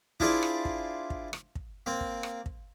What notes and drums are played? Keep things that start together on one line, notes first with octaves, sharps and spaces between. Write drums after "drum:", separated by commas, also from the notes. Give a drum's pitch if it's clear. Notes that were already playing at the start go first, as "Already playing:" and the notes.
D4 E4 F4 G#4 C5 D5, drum: kick
drum: rim click
drum: kick
drum: kick
drum: rim click
drum: kick
A#3 C4
drum: kick
drum: rim click
drum: kick